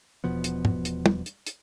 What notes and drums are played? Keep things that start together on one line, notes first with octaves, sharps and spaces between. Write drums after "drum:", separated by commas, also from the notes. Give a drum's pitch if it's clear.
E1 B2 F3 B3
drum: hi-hat
drum: tom
drum: hi-hat
drum: tom
drum: hi-hat
drum: hi-hat